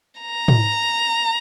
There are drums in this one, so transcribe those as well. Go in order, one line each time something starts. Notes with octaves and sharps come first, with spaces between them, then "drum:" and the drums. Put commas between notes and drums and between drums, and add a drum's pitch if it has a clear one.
A#5
drum: tom